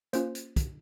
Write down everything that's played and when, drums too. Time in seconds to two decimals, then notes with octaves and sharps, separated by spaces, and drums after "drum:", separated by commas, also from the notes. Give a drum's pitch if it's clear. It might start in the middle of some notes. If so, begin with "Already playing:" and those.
0.13 A#3 C#4 F4 C5, drum: hi-hat
0.35 drum: hi-hat
0.56 drum: kick, hi-hat